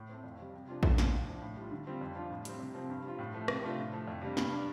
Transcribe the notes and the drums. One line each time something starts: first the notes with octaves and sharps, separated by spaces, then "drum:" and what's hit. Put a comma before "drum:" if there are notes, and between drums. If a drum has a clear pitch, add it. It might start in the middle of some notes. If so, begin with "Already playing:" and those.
Already playing: A2
A3 C4
F2
C3 G3
C3
F3 D4 F4
C3, drum: kick A#1
F3 D4 F4, drum: snare
A2
F3 D4
A2
G3 F4
D3
G3 C4 F4
F2
F3 D4 F4
A2
G3 C4, drum: hi-hat
C3
F3 C4
G2
G3 F4
A2
F3 A3
C3, drum: rim click
A3 D4 F4
A2
F3 A3
F2
C3 G3 D4
G2, drum: snare
G3 D4